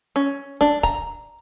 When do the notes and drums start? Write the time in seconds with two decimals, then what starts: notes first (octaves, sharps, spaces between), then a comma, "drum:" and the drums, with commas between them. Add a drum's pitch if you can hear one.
0.16 C#4
0.61 D4, drum: snare
0.83 A#5, drum: kick D1